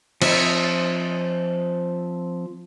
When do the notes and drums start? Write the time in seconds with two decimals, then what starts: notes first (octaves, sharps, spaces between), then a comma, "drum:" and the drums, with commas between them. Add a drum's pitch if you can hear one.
0.22 F3 C4 E5, drum: cymbal